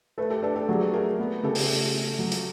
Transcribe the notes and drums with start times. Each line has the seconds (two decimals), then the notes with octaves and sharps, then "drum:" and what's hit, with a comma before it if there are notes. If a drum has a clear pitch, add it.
0.18 A3 A4 B4
0.30 G4 A4
0.43 D4 A4 B4
0.56 G4 A4
0.68 F#3 F#4 G#4
0.80 G4 A4
0.93 A3 G#4 A#4
1.19 B3
1.43 C#3 G4 A4
1.55 drum: open hi-hat
1.69 A3
1.94 C#4
2.19 F#3
2.32 drum: hi-hat